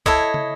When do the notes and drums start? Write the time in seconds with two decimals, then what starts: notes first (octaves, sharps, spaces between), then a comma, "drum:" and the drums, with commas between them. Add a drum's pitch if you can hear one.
0.06 E4 A4 C#5 D#5, drum: kick
0.34 drum: tom